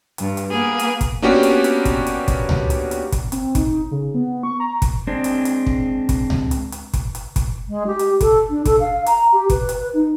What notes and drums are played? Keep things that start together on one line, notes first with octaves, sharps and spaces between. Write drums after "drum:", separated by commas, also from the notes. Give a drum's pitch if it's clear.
G2, drum: hi-hat
drum: hi-hat
A#3 B3 G#4
drum: hi-hat
drum: kick, hi-hat
A#3 B3 C#4 D4 F#4 G4
drum: hi-hat
drum: hi-hat
drum: kick, hi-hat
drum: hi-hat
drum: kick, hi-hat
drum: tom C#2
drum: hi-hat
drum: hi-hat
drum: kick, hi-hat
C4, drum: hi-hat
D#4, drum: kick, hi-hat
C#3
B3
C#6
A#5
drum: kick, hi-hat
G#3 C4 D4
drum: hi-hat
drum: hi-hat
drum: kick
drum: kick, hi-hat
drum: tom C#2
drum: hi-hat
drum: hi-hat
drum: kick, hi-hat
drum: hi-hat
drum: kick, hi-hat
G#3
G4
drum: hi-hat
A4, drum: kick, hi-hat
D4
A4, drum: kick, hi-hat
F5
A#5, drum: hi-hat
G4
B4, drum: kick, hi-hat
drum: hi-hat
B4
D#4